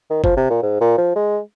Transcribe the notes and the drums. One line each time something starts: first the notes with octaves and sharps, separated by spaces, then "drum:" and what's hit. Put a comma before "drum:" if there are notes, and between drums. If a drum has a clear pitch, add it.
D#3
F3, drum: kick
C3
A#2
G#2
A#2
F3
G#3